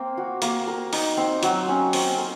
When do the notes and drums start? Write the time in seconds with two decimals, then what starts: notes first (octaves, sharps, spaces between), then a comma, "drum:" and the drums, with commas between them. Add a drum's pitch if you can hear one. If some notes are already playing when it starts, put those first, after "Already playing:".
Already playing: A#3 C4
0.17 F#4
0.42 A#3, drum: hi-hat
0.67 A#4
0.93 D#4, drum: open hi-hat
1.17 C4
1.43 F#3, drum: hi-hat
1.68 C#4
1.93 C4, drum: open hi-hat
2.18 A#4